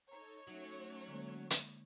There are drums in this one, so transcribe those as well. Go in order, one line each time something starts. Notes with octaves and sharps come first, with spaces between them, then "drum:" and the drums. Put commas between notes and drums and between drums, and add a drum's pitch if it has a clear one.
D#4 A4 C#5 A#5
F#3 A3 C#4 D#4 E5
D3 G#3 A#3
drum: hi-hat